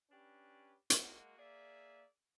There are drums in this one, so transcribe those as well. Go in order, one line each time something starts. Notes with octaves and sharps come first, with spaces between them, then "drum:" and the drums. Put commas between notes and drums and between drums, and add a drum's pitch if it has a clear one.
C#4 D4 G4 B4
drum: hi-hat
G#3 A#3 F#4
A#3 G#4 D5 E5